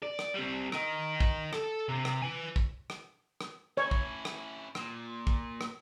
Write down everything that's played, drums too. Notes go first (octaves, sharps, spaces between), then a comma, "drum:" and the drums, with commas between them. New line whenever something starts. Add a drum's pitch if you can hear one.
D5
drum: rim click
G3 C4
A#4 D#5, drum: rim click
drum: kick
A4, drum: rim click
C3
drum: rim click
B4 G#5
drum: kick
drum: rim click
drum: rim click
C#4 E4 C#5
drum: kick
drum: rim click
A#2, drum: rim click
drum: kick
drum: rim click